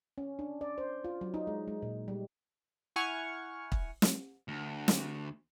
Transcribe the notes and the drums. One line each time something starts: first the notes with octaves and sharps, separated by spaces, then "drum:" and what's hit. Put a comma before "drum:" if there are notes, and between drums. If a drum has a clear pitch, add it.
C#4
D4
D5
C5
F4
F#3
D#4
G#3
G#3
A#2
G3
E4 F#5 G#5 C#6 F6
drum: kick
drum: snare
D2
drum: snare